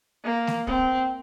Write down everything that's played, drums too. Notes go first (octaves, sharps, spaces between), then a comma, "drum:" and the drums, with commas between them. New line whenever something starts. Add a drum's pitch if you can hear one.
A#3
drum: snare A3
C4, drum: kick